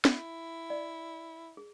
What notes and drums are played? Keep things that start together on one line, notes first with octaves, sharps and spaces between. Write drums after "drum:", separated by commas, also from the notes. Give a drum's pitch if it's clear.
E4, drum: snare
D5
G#4